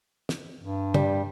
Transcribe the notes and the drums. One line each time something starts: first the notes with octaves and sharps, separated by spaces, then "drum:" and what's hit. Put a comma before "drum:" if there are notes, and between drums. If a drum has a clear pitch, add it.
drum: snare
G2
G3, drum: tom